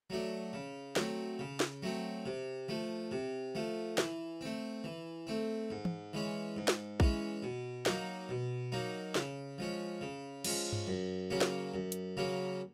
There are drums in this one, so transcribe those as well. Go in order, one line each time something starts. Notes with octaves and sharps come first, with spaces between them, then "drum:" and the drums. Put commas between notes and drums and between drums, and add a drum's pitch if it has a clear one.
F#3 A3 D4
C#3
F#3 A3 C4, drum: snare
C#3
drum: snare
F#3 A3 C4
C3
F3 A3
C3
F3 A3
E3, drum: snare
A3 C4
E3
A3 C4
G#2
drum: tom
E3 G#3 C#4
G#2
drum: snare
E3 G#3 C#4, drum: kick A#1
B2
F#3 A#3 D#4, drum: snare
B2
F#3 A#3 D#4
C#3, drum: snare
F3 G#3 C#4
C#3
F3 G#3 C#4, drum: cymbal
drum: tom G2
F#2
C#3 F#3 A#3 C#4
drum: snare
F#2
drum: hi-hat
C#3 F#3 A#3 C#4